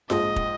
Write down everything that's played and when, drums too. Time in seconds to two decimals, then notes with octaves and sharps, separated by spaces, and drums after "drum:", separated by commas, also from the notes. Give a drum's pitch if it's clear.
0.10 A#1 G#2 F3 G#3 D#5, drum: snare F4
0.36 drum: kick